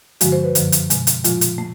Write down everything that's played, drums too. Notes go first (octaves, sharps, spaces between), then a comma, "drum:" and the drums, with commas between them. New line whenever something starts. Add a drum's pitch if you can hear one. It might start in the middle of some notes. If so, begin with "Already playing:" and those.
G2 D3 F3 G#3 F#4, drum: hi-hat
C5
B4
F#2 D3 F3, drum: hi-hat
drum: hi-hat
B2 G#3, drum: hi-hat
drum: hi-hat
A#2 F3 G#3 F4, drum: hi-hat
drum: hi-hat
A3